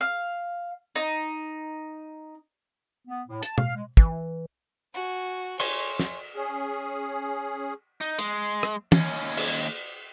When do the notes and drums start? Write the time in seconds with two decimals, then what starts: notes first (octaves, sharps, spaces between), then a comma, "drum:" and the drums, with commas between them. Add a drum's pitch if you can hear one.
0.01 F5
0.95 D#4
3.08 B3
3.28 A2
3.43 A5, drum: hi-hat
3.58 F5, drum: tom
3.76 G#3
3.97 E3, drum: kick
4.94 F#4 G#5
5.60 C#5 G#5 C6 C#6, drum: cymbal
5.99 drum: snare
6.36 C#4 G#4
8.01 D#4
8.19 G#3, drum: hi-hat
8.63 drum: rim click
8.92 D#2 C#4, drum: tom
9.37 drum: cymbal